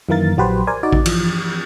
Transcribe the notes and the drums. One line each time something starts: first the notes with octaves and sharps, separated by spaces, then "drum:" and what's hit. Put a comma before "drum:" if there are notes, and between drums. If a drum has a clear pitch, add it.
F#2 D#3 E3 A#3 A#4 A6
A#1 F#3 F#4 G4 B4 C5
A#4 C5 D5 G#5
D#4 F#4 D5
drum: kick A1
E3 F3, drum: cymbal